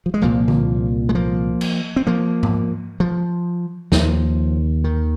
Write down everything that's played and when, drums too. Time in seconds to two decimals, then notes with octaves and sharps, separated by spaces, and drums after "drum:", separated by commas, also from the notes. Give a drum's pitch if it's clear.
0.06 F3
0.14 G#3
0.22 C2 A#2 F3 A#3
0.48 drum: tom D3
1.09 G#3
1.15 F3 A#3
1.61 drum: cymbal
1.96 C4
2.07 F3 A#3
2.43 drum: tom G#2
3.00 F3
3.92 D#2 F3, drum: snare
4.84 D#3